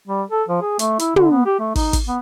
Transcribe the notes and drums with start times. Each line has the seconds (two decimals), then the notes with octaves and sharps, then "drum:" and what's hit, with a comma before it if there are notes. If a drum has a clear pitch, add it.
0.08 G3
0.31 A4
0.48 F3
0.62 G#4
0.79 A3, drum: hi-hat
0.99 E4, drum: hi-hat
1.16 D3, drum: tom
1.31 B3
1.46 G4
1.59 A3
1.75 D#4, drum: kick, open hi-hat
1.93 drum: kick, hi-hat
2.08 B3